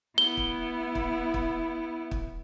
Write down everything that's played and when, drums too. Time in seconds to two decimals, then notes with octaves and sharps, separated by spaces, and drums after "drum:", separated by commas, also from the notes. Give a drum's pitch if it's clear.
0.18 B3 E4 G7
0.37 drum: kick
0.95 drum: kick
1.34 drum: kick
2.11 drum: kick